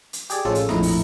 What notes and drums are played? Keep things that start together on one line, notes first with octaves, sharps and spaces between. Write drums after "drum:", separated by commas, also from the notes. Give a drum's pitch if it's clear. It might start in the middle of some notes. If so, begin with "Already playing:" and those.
drum: hi-hat
G4 G#4 D5, drum: hi-hat
A1 F3 G#3 C#4 F4 A4
drum: hi-hat
A#1 F2 A2 E4 D#5 A#5, drum: snare
drum: open hi-hat